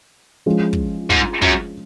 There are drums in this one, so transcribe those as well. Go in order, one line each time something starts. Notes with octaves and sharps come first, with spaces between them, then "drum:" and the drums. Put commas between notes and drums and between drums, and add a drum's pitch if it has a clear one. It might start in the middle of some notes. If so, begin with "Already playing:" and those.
F3 G#3 C#4 F4
drum: kick
G#2, drum: kick
F#2, drum: kick